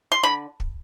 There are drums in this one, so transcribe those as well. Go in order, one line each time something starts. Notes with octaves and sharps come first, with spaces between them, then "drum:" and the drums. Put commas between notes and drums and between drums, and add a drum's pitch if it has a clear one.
C6
D3 B5
drum: kick